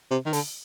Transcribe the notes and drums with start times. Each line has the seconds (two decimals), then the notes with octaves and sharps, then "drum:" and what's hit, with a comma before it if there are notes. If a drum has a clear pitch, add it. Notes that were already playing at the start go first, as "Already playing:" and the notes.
0.11 C3
0.25 D#3
0.33 D3, drum: open hi-hat